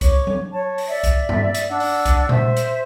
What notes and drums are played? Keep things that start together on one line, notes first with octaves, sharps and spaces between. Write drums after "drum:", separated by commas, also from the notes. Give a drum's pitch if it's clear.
C#5 C#6 D6, drum: kick C2, hi-hat
drum: tom F#3
C#5 A5
drum: open hi-hat
D5 E5
drum: kick C2, hi-hat
drum: tom G2
drum: hi-hat
D4 F#5 E6
drum: open hi-hat
drum: kick C2, hi-hat
C5 E5, drum: tom A#2
drum: hi-hat